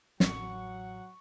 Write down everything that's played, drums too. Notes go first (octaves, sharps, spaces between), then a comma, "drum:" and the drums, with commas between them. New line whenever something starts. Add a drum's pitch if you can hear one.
A1 F#3 F#5 C#6, drum: snare